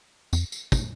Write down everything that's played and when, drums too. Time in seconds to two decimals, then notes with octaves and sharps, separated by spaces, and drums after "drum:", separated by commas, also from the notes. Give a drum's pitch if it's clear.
0.33 F2, drum: tambourine
0.52 drum: tambourine
0.72 drum: kick, tambourine